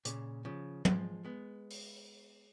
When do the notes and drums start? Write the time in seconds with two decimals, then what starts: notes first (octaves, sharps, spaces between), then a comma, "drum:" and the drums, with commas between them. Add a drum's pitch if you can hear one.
0.05 A#2 C#3, drum: hi-hat
0.45 C#3 F3
0.85 F3 G#3, drum: tom
1.24 G#3 B3
1.70 drum: open hi-hat